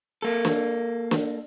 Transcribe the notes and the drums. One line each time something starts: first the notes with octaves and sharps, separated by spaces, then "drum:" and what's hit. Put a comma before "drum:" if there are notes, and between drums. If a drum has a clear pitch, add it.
A#3 A4
drum: snare
drum: snare